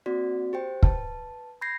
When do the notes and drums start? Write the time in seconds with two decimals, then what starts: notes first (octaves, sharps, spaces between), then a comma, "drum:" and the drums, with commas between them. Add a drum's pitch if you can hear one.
0.06 A#3 C4 F#4 D5
0.53 G4 C5 G5
0.83 B4 A5, drum: kick
1.61 B5 G6 G#6 A#6 C7